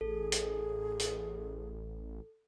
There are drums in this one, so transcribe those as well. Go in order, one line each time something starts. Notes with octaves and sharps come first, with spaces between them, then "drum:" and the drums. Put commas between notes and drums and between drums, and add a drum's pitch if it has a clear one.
A1 G#4 A4
drum: hi-hat
drum: hi-hat